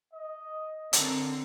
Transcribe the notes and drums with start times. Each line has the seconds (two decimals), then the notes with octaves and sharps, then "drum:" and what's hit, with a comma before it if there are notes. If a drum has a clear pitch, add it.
0.13 D#5
0.93 D3 C4 A#4, drum: hi-hat